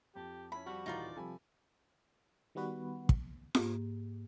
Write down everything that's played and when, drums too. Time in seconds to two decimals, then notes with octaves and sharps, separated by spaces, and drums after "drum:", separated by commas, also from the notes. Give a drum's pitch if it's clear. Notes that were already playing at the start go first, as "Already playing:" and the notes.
0.15 F2 G4 A5
0.52 C#4 E4 B5
0.66 F3 G3 F#4
0.86 D#1 E3 D#4 F4 D5 A#5
1.15 C3 F3 G3 A4 G#5 B5
2.55 D#3 G3 B3 F#4 B4
3.09 drum: kick
3.55 G#2 A#3 G4, drum: snare F4